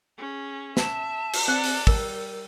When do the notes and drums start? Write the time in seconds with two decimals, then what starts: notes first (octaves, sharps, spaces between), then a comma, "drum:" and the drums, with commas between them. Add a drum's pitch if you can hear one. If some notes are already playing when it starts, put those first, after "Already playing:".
0.18 C#4 G#4
0.77 E5 A5, drum: snare
1.33 drum: cymbal
1.48 C4 D5 F#5
1.64 drum: open hi-hat
1.87 G3 A#4 E6, drum: kick